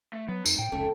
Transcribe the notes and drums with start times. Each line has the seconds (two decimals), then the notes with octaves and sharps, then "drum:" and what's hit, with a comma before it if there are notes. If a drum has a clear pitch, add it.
0.13 A3
0.29 F#3 B3
0.46 F2 D#4, drum: tambourine
0.59 A2 G5
0.72 F1 C#2 A3 C#4